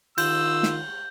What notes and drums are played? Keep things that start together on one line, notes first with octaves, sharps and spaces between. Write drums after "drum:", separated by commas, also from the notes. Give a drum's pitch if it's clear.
D#3 F4 E6 G6, drum: cymbal
drum: snare